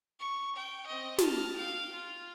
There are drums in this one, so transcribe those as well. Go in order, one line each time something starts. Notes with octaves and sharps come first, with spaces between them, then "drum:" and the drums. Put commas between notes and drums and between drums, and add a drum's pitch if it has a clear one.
C#6
G5
C4 D#5
A5 F6, drum: snare
F5 G5
F4